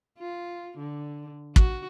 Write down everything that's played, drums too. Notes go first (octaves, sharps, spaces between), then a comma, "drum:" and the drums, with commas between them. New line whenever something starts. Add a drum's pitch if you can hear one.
F4
D3
F#4, drum: kick